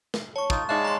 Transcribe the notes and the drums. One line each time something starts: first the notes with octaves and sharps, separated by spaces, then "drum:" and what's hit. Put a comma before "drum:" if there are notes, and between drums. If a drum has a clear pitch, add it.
drum: snare
C#5 A5 C#6
D#4 F4 D#6, drum: kick
G#3 D#4 C#5 D5 E5 F5 A5 F#6
A#5 C6